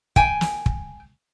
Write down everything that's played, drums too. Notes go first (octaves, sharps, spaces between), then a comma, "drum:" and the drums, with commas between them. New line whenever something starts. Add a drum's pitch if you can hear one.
G5 G#5, drum: kick
drum: snare
drum: kick